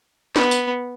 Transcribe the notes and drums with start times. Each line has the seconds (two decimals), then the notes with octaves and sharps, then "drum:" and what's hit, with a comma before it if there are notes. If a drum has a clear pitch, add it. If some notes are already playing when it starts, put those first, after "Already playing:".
0.36 B3, drum: snare
0.51 drum: tambourine